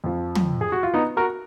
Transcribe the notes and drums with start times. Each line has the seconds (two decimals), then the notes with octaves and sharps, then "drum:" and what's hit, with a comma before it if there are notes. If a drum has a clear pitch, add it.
0.04 F2 F3
0.35 drum: tom
0.61 G#4
0.72 F#4
0.83 F4
0.94 B3 D#4
1.17 F#4 A#4